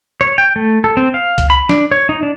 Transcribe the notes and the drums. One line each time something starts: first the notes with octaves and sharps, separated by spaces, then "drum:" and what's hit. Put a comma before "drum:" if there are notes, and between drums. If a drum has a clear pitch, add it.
C#5
G5
A3
A4
C4
F5
drum: kick C#2, hi-hat
B5
D4, drum: snare
C#5
D#4
D4